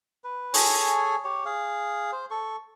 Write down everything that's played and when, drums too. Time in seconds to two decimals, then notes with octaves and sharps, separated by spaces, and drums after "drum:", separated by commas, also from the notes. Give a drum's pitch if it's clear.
0.24 B4
0.54 G#4 A4 C#5 G#5, drum: open hi-hat
1.24 G4 C#5
1.45 G#4 F5
2.12 C5
2.31 A4 C#6